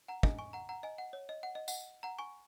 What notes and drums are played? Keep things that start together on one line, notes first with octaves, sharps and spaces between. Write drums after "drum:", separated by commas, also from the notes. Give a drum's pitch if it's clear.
F#5 A#5
D#5 G#5, drum: kick
G#5 C#6
F#5 A#5
F#5 A#5
D#5 G#5
F#5
C#5
D#5
F#5
D#5
F#5, drum: tambourine
F#5 A#5
G#5 C#6